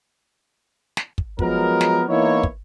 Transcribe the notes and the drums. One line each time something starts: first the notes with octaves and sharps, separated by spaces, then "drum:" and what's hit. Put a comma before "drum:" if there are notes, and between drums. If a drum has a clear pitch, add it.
drum: snare
drum: kick
F3 F#3 G#3 B3 A#4, drum: kick
drum: snare
E3 A#3 B3 D#4 E4 C#5
drum: kick